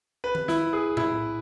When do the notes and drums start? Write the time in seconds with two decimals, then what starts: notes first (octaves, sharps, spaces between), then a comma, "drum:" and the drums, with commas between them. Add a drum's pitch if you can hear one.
0.24 B4
0.35 drum: tom D#3
0.48 E4, drum: snare
0.73 G#4
0.97 E4, drum: tom A2